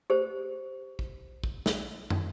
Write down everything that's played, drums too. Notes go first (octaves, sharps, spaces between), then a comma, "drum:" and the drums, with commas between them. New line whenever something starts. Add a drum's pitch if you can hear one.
G4 C5
drum: kick A#1
drum: kick A#1
drum: snare
drum: tom